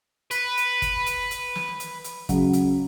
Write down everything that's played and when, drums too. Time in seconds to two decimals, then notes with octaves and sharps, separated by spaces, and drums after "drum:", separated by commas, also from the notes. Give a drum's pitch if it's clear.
0.31 B4, drum: hi-hat
0.58 drum: hi-hat
0.82 drum: kick, hi-hat
1.06 drum: hi-hat
1.31 drum: hi-hat
1.55 drum: snare
1.80 drum: hi-hat
2.04 drum: hi-hat
2.29 C#3 F#3, drum: kick, hi-hat
2.53 drum: hi-hat